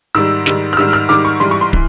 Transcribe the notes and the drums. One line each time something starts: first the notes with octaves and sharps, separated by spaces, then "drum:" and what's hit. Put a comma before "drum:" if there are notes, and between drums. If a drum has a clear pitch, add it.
G#2 D#3 G3 E6
G#2 D#3 G3, drum: snare
F6
G#2 D#3 G3 E6
F6
G#2 D#3 G3 D6
C#6
G#2 E3 G3 C6
C#6
C6
E3, drum: kick